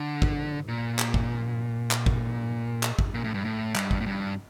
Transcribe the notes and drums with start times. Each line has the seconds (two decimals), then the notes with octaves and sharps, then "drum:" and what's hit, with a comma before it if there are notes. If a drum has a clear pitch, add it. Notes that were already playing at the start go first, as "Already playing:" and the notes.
Already playing: D3
0.22 drum: kick G#1
0.68 A#2
0.99 drum: clap
1.14 drum: kick G#1
1.91 drum: clap
2.06 drum: kick G#1
2.83 drum: clap
2.99 drum: kick G#1
3.14 A#2
3.24 A2
3.34 G2
3.45 A2
3.75 G2, drum: clap
3.91 drum: kick G#1
4.01 A2
4.06 G2